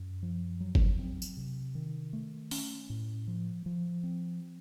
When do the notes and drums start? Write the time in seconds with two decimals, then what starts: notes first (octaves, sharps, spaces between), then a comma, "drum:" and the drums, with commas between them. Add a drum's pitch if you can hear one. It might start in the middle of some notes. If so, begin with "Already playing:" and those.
Already playing: F#2
0.23 F3
0.60 F#3
0.75 drum: kick G1
0.99 C4
1.22 drum: tambourine
1.37 C3
1.75 D#3
2.13 A3
2.51 C#4, drum: open hi-hat
2.90 A2
3.27 F3
3.66 F3
4.03 C4